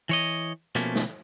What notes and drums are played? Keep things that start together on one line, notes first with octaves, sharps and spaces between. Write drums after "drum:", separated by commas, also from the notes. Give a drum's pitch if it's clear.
E3 C#5 D#5
B2 F3 A3 A#3 C#4, drum: hi-hat
drum: snare